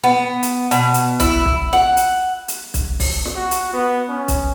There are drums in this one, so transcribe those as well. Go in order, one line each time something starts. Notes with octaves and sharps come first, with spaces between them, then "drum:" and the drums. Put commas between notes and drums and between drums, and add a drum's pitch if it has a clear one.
B3
drum: hi-hat
B2, drum: hi-hat
drum: hi-hat
E4, drum: kick, hi-hat
drum: kick
F#5, drum: snare
drum: hi-hat
drum: hi-hat
drum: kick, hi-hat
drum: kick, open hi-hat
drum: snare
F#4
drum: hi-hat
B3
C#4
drum: kick, hi-hat